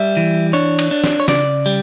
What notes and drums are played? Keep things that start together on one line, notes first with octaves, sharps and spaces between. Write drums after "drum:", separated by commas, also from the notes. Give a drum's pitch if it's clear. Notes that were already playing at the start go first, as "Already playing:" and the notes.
Already playing: G3 E5
E3
D4 C#5
drum: cymbal
D4
drum: snare
C#5
C#3 D5, drum: snare
G3